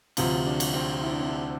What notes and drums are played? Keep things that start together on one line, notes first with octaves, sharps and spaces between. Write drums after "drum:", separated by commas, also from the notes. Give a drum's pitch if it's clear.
D2 C3 F3 F4, drum: cymbal
D4
drum: cymbal
C4
E4
D4
C4
D4